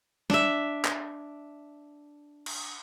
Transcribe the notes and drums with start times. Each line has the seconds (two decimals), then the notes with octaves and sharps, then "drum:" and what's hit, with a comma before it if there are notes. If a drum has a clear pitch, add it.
0.30 D4 E5, drum: snare
0.85 drum: clap
2.46 drum: cymbal